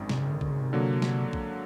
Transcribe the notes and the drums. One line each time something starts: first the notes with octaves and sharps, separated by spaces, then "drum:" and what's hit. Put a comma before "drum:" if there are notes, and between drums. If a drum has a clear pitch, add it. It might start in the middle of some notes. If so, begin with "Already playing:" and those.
Already playing: G#1 F#2 D#3 G#3
C3, drum: snare
C#3
D3
D3, drum: kick A#1
C#3
C3
D3 F#3 A#3
drum: snare
drum: kick A#1